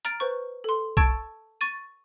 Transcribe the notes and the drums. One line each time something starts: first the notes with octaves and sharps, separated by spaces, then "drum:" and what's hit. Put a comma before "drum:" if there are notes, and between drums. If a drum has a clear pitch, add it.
A#5 F6 A6 D7, drum: hi-hat
B4 C5 C#6
A4 C6
A5 C#6 E6 G#6 A6 D7, drum: kick B1
C#6 A6 D#7